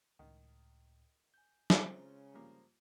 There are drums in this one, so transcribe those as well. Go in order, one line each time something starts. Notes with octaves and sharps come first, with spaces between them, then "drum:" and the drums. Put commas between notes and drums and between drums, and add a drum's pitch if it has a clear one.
C#2 A2 D#3
G#5 G6
drum: snare
C#3 G#3 C4 C#4 F4 C5 A#5
G2 F3 A#3